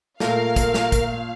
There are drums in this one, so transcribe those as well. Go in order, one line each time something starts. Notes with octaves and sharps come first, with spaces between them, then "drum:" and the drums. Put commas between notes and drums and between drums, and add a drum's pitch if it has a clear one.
A#2 A3 A#4 F5, drum: snare
drum: kick, hi-hat
drum: snare
drum: kick, hi-hat